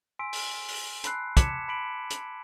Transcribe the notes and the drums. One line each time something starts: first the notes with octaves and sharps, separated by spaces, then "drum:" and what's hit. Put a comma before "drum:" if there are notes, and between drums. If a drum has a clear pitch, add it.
G#5 C6 E6 B6 D7
drum: open hi-hat
drum: open hi-hat
A5 B5 C6 E6 F#6 C7, drum: hi-hat
A5 D6 G#6 B6 C#7 E7, drum: kick, hi-hat
B5 B6 D7 F#7
drum: hi-hat